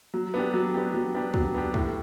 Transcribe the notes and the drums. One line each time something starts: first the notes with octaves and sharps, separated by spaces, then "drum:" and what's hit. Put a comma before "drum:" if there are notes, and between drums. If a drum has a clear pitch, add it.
F#3
B3 D4 G4
F#3
B3 D4 G4
F#3
B3 D4 G4
F#3, drum: kick
B3 D4 G4
A2, drum: kick